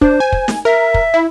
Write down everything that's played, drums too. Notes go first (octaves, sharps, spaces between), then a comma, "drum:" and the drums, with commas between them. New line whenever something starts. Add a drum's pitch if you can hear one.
D4 C5, drum: kick
G#5
drum: kick
drum: snare
A#4 E5
drum: kick
E4